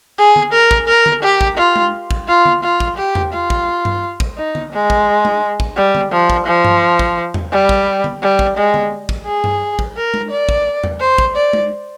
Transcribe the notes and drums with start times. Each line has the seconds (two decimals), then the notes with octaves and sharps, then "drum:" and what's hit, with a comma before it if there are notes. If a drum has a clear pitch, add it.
0.18 G#4
0.36 drum: tom D3
0.53 A#4
0.71 drum: kick
0.88 A#4
1.06 drum: tom D3
1.23 G4
1.41 drum: kick
1.58 F4
1.76 drum: tom G#3
2.11 drum: kick
2.28 F4
2.45 drum: tom D3
2.63 F4
2.80 drum: kick
2.97 G4
3.15 drum: tom E2
3.33 F4
3.50 drum: kick
3.85 drum: tom G2
4.20 drum: kick
4.37 D#4
4.55 drum: tom D3
4.72 G#3
4.90 drum: kick
5.25 drum: tom G#3
5.60 drum: kick
5.77 G3
5.95 drum: tom D3
6.12 F3
6.30 drum: kick
6.46 F3
6.64 drum: tom G2
6.99 drum: kick
7.34 drum: tom E2
7.52 G3
7.69 drum: kick
8.04 drum: tom D3
8.22 G3
8.39 drum: kick
8.57 G#3
8.74 drum: tom D3
9.09 drum: kick
9.26 G#4
9.44 drum: tom G2
9.79 drum: kick
9.97 A#4
10.14 drum: tom G#3
10.31 D5
10.49 drum: kick
10.84 drum: tom E2
11.01 C5
11.18 drum: kick
11.36 D5
11.53 drum: tom G#3